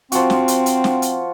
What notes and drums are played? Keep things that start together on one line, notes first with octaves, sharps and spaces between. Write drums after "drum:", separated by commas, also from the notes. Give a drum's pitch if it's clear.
F3 C4 F#4, drum: hi-hat
drum: snare
drum: hi-hat
drum: hi-hat
drum: snare
drum: hi-hat